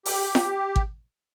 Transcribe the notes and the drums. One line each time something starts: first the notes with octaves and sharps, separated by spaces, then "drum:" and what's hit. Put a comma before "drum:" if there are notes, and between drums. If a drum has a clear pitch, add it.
G4, drum: open hi-hat
drum: snare
drum: kick